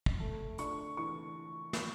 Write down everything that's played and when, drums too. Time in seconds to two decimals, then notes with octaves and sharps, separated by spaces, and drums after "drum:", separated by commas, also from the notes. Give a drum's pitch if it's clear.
0.06 drum: kick
0.20 A3
0.58 D4 C#6, drum: hi-hat
0.97 E3 C#6
1.73 drum: snare